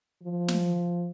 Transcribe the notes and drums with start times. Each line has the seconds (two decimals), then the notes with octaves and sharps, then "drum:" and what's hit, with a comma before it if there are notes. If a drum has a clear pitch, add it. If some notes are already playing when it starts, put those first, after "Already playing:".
0.23 F3
0.48 drum: snare